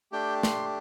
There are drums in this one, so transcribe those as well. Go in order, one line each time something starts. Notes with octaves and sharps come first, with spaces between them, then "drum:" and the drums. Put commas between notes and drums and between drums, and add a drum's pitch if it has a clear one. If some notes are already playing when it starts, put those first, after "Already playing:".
A3 D4 G4 G5
C6, drum: snare